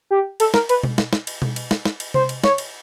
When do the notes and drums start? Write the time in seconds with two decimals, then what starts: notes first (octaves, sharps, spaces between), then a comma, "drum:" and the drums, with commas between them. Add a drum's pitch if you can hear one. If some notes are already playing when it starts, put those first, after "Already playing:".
0.11 G4
0.40 A4, drum: cymbal
0.54 A#4, drum: snare
0.69 B4, drum: cymbal
0.83 drum: tom B2
0.98 drum: snare
1.13 drum: snare
1.27 drum: cymbal
1.42 drum: tom B2
1.56 drum: cymbal
1.71 drum: snare
1.85 drum: snare
2.00 drum: cymbal
2.14 C5, drum: tom C3
2.29 drum: cymbal
2.44 C#5, drum: snare
2.58 drum: cymbal